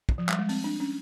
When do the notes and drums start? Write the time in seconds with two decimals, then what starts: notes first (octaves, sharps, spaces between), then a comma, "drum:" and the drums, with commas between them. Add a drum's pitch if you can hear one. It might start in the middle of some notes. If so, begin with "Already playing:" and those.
0.09 drum: kick
0.18 F3
0.29 G3, drum: clap
0.39 G#3
0.49 C4, drum: open hi-hat
0.64 D4
0.80 C#4